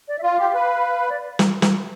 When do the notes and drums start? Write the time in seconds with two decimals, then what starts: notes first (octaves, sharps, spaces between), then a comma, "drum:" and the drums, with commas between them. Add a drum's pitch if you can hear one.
0.08 D5
0.19 E5
0.23 F4 F5
0.39 G4
0.54 B4
1.09 D5
1.39 drum: snare
1.62 drum: snare